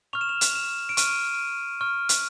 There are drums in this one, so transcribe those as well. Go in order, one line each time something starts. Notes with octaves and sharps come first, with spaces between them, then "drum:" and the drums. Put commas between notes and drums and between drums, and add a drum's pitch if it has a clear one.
C#6 F6 F7
E7
F7
drum: hi-hat
E7
D7
C#6 F6 D#7, drum: hi-hat
C#6 F6
drum: hi-hat